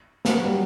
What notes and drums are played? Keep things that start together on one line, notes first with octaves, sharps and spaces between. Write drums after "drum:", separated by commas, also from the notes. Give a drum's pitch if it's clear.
F#3, drum: snare
G3